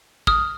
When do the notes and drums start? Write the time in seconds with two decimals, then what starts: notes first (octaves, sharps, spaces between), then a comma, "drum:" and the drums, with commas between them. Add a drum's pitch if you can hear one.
0.27 D#6 F6, drum: kick